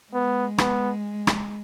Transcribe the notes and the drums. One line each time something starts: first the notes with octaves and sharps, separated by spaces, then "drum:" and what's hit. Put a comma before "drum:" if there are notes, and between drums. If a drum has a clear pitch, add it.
G#3 B3
B3, drum: rim click
drum: rim click